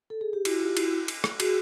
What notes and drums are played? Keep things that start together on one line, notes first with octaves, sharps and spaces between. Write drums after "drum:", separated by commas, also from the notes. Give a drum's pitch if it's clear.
A4
G#4
G4
E4 F#4, drum: cymbal
F4 G4
E4 F#4, drum: cymbal
drum: cymbal
drum: rim click
F#4 G#4, drum: cymbal